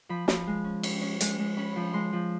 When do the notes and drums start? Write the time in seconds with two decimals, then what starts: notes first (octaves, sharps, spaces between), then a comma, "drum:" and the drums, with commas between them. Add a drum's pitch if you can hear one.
0.09 F3 B5
0.28 F3, drum: snare
0.47 G#3
0.64 C#4
0.83 C#4, drum: cymbal
1.01 C#4
1.21 G#3, drum: hi-hat
1.39 G#3
1.57 C#4 B5
1.76 F3
1.94 G#3 C6
2.13 F3